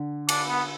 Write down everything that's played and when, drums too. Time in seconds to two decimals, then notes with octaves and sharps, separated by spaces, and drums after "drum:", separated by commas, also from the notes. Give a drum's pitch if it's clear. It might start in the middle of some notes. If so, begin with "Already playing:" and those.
Already playing: D3
0.29 D4, drum: cymbal
0.48 B3